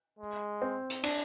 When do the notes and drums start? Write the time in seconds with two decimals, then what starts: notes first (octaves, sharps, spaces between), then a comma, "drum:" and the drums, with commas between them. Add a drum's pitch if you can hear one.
0.19 G#3
0.62 C4
0.90 drum: hi-hat
1.03 D4, drum: cymbal